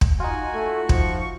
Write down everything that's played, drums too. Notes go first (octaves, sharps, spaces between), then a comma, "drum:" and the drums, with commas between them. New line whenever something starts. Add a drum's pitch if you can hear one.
drum: kick
D#4 F4 F#4 G#5
A3
F3 C#6, drum: kick